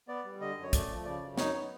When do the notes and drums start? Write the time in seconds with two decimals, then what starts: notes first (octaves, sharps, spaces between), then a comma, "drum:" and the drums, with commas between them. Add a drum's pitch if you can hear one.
0.08 B3 D5
0.25 G3
0.40 D3 D#5
0.57 F#2
0.63 C#5
0.73 A3 D5, drum: kick, hi-hat
0.89 F3
1.05 C#3 D5
1.22 F#2
1.38 D#4 C#5, drum: snare
1.54 B3